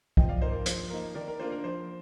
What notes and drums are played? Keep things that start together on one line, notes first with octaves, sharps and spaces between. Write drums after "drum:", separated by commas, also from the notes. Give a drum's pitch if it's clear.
F3 D#5 G5, drum: kick
D5 F5
A#3 D#4 C5
A#4
F3 C5, drum: hi-hat
A#3 D#4 A#4
D#3 A#4 D5
A#4
A#3 D4 F4 C5
A#4
F3 C5